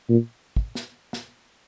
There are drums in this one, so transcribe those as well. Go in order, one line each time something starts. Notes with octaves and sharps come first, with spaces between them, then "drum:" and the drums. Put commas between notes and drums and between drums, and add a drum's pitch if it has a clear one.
A#2
drum: kick
drum: snare
drum: snare